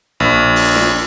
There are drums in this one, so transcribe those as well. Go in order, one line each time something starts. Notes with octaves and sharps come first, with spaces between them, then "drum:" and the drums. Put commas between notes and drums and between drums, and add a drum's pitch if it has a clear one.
A#1
drum: open hi-hat
drum: snare